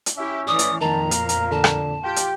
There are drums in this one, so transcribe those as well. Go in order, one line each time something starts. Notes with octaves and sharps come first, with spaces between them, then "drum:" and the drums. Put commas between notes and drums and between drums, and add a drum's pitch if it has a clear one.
drum: hi-hat
C#4 E4 G4 E5
A2 E3 D5 D#6
drum: hi-hat
F2 A#2 D#3 A5 A#5
A#4 F5, drum: hi-hat
drum: hi-hat
D3 A5
drum: rim click
F4 G4 G5
drum: hi-hat